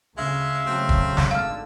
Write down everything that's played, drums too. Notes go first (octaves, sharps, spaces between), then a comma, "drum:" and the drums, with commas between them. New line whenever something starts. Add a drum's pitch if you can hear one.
D2 C#3 G#3 E5 F5
C#3 F#3 A3 C4
drum: kick
drum: snare
G#1 D3 F5 E6 F6